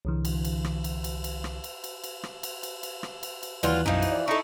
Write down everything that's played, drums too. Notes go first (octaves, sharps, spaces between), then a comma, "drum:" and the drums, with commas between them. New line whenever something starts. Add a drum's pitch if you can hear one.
C2 D3 E3
drum: cymbal
drum: cymbal
drum: rim click
drum: cymbal
drum: cymbal
drum: cymbal
drum: rim click
drum: cymbal
drum: cymbal
drum: cymbal
drum: rim click
drum: cymbal
drum: cymbal
drum: cymbal
drum: rim click
drum: cymbal
drum: cymbal
D#2 E3 F#3 G3 F4, drum: cymbal
B1 F#2 E3 F3 D#4
drum: cymbal
D5
D#4 E4 A4 C#6